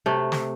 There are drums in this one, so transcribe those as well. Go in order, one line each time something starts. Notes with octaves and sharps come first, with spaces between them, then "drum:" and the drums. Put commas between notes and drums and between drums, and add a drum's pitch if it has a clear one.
C3 A3
drum: snare